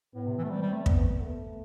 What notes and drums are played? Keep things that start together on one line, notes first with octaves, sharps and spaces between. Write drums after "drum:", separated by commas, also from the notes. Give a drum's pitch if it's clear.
A2 B3
C3
E3
A3
G3 C4
G3
A3
B3, drum: kick
A3